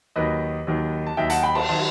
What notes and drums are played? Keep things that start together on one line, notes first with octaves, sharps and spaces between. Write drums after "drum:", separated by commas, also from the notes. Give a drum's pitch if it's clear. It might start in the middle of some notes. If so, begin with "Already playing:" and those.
D#2 D#3 F#3 B4 D#5
D#2 D#3 F#3
A5
D#2 D#3 F#3 E5 G5
F#5 A5, drum: hi-hat
G5 B5
A5 C6, drum: cymbal
D#3 F#3 A5 C6